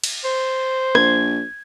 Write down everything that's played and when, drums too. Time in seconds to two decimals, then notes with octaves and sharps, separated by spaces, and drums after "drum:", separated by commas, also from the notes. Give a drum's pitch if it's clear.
0.04 drum: cymbal
0.25 C5
0.95 A#1 G#6, drum: rim click